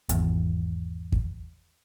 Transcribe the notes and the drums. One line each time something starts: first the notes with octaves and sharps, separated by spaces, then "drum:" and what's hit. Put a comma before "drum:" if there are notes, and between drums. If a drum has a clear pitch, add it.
G#1 E2, drum: hi-hat
drum: kick